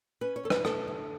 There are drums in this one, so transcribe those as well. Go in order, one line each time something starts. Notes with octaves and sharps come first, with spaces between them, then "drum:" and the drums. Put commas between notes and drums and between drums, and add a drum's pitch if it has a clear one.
C#4 B4
C#5
E2 A4
B4, drum: rim click
A3 A4, drum: rim click
D3